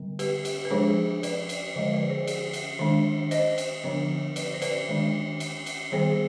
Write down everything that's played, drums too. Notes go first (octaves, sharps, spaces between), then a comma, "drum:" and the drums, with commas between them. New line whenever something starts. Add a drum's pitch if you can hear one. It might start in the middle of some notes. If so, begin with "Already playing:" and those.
Already playing: D3 G3 B3
G4 B4, drum: cymbal
drum: cymbal
B4
F3 G#3 D4 G#4 C5
B4 D5, drum: cymbal
drum: cymbal
D3 F3 G#3 C5 D#5
B4 D5
G#4 C5
drum: cymbal
drum: cymbal
D#3 G#3 D4
C5 D#5, drum: cymbal
drum: cymbal
D3 F3 B3 D4
B4 D5, drum: cymbal
C5
B4 D5, drum: cymbal
D#3 G#3 D4
drum: cymbal
drum: cymbal
D#3 G3 B3 G#4 C5